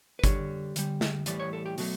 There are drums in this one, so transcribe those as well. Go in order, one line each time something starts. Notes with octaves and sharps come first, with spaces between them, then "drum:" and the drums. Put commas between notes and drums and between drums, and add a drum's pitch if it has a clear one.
B4
D3 G3 C#5, drum: kick G1, hi-hat
D3 G3, drum: hi-hat
drum: snare
A2 E3 G3 D5, drum: hi-hat
C#5
A4
G4
B2 F#3 A3 F#4, drum: open hi-hat